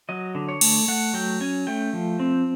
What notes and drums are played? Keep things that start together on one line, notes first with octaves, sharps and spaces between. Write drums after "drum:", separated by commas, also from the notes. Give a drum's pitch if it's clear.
F#3 D#5
D3
C#5
A3, drum: cymbal
A3 F#5
F#3 G5
C#4 G#5
A3 G5
F3
C4